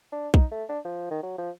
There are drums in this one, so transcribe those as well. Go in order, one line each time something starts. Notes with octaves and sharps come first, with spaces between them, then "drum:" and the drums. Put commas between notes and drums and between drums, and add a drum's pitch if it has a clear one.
D4
D#4, drum: kick B1
A3
D4
F3
D#3
F#3
F3